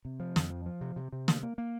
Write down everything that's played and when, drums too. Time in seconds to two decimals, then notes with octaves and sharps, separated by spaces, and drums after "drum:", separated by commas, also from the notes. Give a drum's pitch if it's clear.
0.05 C3
0.20 F3
0.36 F2, drum: snare
0.50 F3
0.66 F3
0.81 C3
0.96 C3
1.12 C3
1.28 A#3, drum: snare
1.43 A#3
1.58 A#3